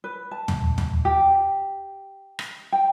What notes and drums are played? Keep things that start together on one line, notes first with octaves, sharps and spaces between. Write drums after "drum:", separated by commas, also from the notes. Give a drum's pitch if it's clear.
B4
A5
drum: tom
drum: tom
G4
drum: rim click
G5